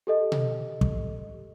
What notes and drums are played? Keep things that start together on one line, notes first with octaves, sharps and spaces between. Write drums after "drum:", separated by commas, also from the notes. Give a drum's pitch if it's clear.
G4 A4 D#5
drum: tom B2
drum: kick